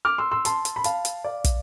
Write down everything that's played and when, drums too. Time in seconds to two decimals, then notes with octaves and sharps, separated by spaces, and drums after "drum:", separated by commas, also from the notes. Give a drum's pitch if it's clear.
0.05 D6 F6
0.18 C6 E6
0.31 C6 E6
0.45 A5 C6, drum: hi-hat
0.65 drum: hi-hat
0.76 B5
0.84 F5 A5, drum: hi-hat
1.05 drum: hi-hat
1.24 D5 F5
1.44 drum: kick, hi-hat